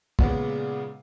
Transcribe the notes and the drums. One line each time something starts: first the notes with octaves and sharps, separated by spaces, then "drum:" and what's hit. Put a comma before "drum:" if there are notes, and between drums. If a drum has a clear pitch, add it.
A#2 C#3 G#3 B3, drum: kick